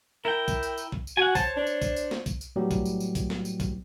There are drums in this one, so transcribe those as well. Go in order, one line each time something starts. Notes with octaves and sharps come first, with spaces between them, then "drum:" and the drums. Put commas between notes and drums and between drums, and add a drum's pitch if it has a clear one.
E4 A#4 G5
drum: kick B1, tambourine
drum: tambourine
drum: tambourine
drum: kick B1
drum: tambourine
F#4 F#5 G#5
C5 C#5 A5, drum: kick B1, tambourine
D4
drum: tambourine
drum: kick B1, tambourine
drum: tambourine
drum: snare
drum: kick B1, tambourine
drum: tambourine
A2 F#3 G3 B3 G4
drum: kick B1, tambourine
drum: tambourine
drum: tambourine
drum: kick B1, tambourine
drum: snare
drum: tambourine
drum: kick B1, tambourine